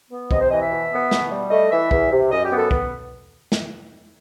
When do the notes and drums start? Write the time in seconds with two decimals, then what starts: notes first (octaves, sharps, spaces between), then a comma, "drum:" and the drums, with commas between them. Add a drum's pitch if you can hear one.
0.11 B3
0.31 C3 D#5, drum: kick
0.40 C5
0.50 E3 D#5
0.61 E5
0.71 B2
0.91 B3
1.11 B2, drum: snare
1.30 G3
1.51 A3 D#5
1.71 E3 E5
1.91 E2, drum: kick
2.11 C3
2.31 F#2 D#5
2.45 G4
2.51 B3
2.57 A4
2.71 B4, drum: kick
3.52 drum: snare